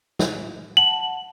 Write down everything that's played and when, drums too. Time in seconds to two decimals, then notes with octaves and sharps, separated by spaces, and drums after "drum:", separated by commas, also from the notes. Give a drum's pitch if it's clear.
0.19 drum: snare
0.77 F#5 A5 F#7